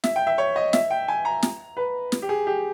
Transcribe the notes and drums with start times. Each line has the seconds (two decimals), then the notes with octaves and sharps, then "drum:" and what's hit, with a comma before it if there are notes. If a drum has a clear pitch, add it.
0.04 E5, drum: snare
0.16 G5
0.27 E5
0.38 C#5
0.56 D#5
0.73 E5, drum: snare
0.91 G5
1.08 G#5
1.25 A#5
1.43 drum: snare
1.77 B4
2.12 drum: snare
2.22 G4
2.29 G#4
2.47 G4